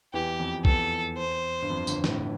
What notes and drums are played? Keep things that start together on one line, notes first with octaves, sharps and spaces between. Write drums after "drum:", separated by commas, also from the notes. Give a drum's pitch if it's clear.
E2 E3 G4
F2
E2 A4, drum: kick B1
C5
G2
F2
G1 G2, drum: tambourine
A1 A2, drum: snare